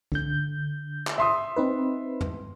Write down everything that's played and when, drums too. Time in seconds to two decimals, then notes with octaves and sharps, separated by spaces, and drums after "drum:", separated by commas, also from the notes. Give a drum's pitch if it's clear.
0.12 D3 G6, drum: kick C#2
1.07 drum: clap
1.18 E5 C6 D#6
1.56 C4 D#4 B4
2.21 drum: tom